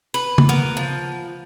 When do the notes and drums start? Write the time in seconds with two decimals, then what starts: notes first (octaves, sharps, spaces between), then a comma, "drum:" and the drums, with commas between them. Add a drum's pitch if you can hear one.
0.14 B4
0.38 drum: tom
0.49 B3 A#4
0.77 F3